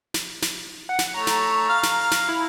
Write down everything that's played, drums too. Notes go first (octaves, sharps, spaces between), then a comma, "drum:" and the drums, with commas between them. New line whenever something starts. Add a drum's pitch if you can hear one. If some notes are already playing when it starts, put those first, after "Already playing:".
drum: snare
drum: snare
F#5
drum: snare
A3 C#5 A#5
drum: snare
F5 F6
drum: snare
drum: snare
E4